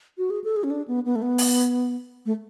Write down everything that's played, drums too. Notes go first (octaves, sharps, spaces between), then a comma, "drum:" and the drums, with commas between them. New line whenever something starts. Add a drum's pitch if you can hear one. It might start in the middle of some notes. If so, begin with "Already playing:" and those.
F#4
G#4
A4
G#4
C#4
D4
B3
B3
A3
B3
drum: open hi-hat
A3